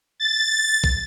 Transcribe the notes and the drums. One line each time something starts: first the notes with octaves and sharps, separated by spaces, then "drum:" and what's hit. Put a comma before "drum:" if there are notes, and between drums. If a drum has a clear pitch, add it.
A6
drum: kick